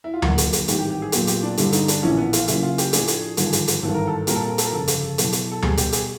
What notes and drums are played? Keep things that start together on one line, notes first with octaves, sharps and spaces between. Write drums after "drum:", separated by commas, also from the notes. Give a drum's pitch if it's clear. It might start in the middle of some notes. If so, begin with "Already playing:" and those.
E4
F4
F#2 D3 F3 A#3 F#4, drum: tom D2
drum: hi-hat
drum: hi-hat
A1 G#2 D#3 G3 C4 G4, drum: hi-hat
G4
G4
G#4
A#2 F#3 B3 G4, drum: hi-hat
G4, drum: hi-hat
D4
G2 D3 G3 E4, drum: hi-hat
D#4, drum: hi-hat
D4, drum: hi-hat
A#1 A2 E3 C#4
B3
F4, drum: hi-hat
C#3 F#3 A#3 C#4 E4, drum: hi-hat
F4
G4, drum: hi-hat
A2 F3 A3 D4 G4 G#4, drum: hi-hat
drum: hi-hat
G#1 G2 D3 F3, drum: hi-hat
drum: hi-hat
drum: hi-hat
G#1 G2 E3 A4
A#4
A4
A#2 G3 C4 F4 A#4, drum: hi-hat
A4
A#4
A4, drum: hi-hat
A#4
G1 F2 C#3 A4
drum: hi-hat
B2 F#3 B3 E4, drum: hi-hat
drum: hi-hat
A4
B2 G3 B3 G#4, drum: tom D2
G4, drum: hi-hat
G#4, drum: hi-hat